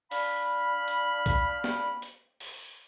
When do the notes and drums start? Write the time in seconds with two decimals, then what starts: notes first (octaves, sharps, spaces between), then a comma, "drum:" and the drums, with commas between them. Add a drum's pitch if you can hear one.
0.11 D4 F5 B5, drum: open hi-hat
0.88 drum: hi-hat
1.26 drum: kick B1, hi-hat
1.64 drum: snare
2.02 drum: hi-hat
2.40 drum: open hi-hat